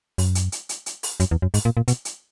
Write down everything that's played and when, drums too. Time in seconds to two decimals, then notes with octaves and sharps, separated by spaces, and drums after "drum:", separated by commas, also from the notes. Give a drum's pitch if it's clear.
0.18 F#2, drum: open hi-hat
0.35 drum: hi-hat
0.52 drum: hi-hat
0.69 drum: hi-hat
0.86 drum: hi-hat
1.03 drum: open hi-hat
1.20 F#2, drum: hi-hat
1.31 E2
1.42 F#2
1.54 G#2, drum: open hi-hat
1.65 A#2
1.77 A#2
1.88 B2, drum: hi-hat
2.05 drum: hi-hat